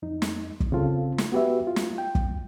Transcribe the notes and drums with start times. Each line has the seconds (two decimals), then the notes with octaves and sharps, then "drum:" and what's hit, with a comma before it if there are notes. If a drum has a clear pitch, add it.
0.02 F2 D#4
0.22 drum: snare
0.60 drum: kick
0.72 C#3 C4 F4 A4
1.18 drum: snare
1.32 B3 F#4 G4 B4 E5
1.67 F4
1.76 drum: snare
1.98 G5
2.15 drum: kick